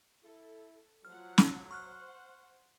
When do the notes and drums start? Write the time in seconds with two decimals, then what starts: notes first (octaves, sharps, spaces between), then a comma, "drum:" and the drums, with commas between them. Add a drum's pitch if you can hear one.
0.24 E4 A4
1.05 F3 F#3 F#5 F6
1.38 drum: snare
1.71 C5 F#5 C#6 F6 F#6